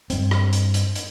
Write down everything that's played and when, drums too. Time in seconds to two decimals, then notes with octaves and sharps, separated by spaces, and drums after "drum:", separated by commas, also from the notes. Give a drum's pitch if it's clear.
0.10 G2 C4, drum: hi-hat
0.31 drum: rim click
0.53 drum: hi-hat
0.74 drum: hi-hat
0.95 drum: hi-hat